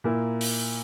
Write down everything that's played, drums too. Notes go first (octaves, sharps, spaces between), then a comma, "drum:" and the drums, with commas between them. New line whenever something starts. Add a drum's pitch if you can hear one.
A#2 A#3 E4
drum: open hi-hat